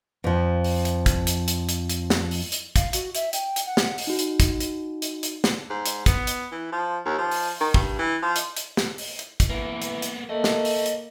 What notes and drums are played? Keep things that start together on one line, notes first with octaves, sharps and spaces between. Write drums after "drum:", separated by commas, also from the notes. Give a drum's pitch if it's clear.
F2 F3
drum: open hi-hat
drum: hi-hat
drum: kick, hi-hat
drum: hi-hat
drum: hi-hat
drum: hi-hat
drum: hi-hat
drum: snare
drum: open hi-hat
drum: hi-hat
F5, drum: kick, hi-hat
F#4, drum: hi-hat
E5, drum: hi-hat
G5, drum: hi-hat
drum: hi-hat
F#5
drum: snare
drum: open hi-hat
D#4 F#4
drum: hi-hat
drum: kick, hi-hat
drum: hi-hat
drum: hi-hat
drum: hi-hat
drum: snare
G#2
drum: hi-hat
B3, drum: kick, hi-hat
drum: hi-hat
E3
F3
D#2
F3
drum: open hi-hat
D#3
G2, drum: kick
E3
F3
drum: hi-hat
drum: hi-hat
drum: snare
drum: open hi-hat
drum: hi-hat
drum: kick, hi-hat
E3 A#3 B3
drum: hi-hat
drum: hi-hat
A3 A#3 C#5 D#5
drum: snare
drum: open hi-hat
drum: hi-hat